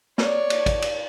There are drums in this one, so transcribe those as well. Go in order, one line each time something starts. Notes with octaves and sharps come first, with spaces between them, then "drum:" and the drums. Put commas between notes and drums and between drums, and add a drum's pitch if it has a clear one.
C#5 D5, drum: snare
drum: cymbal
drum: kick, cymbal
drum: cymbal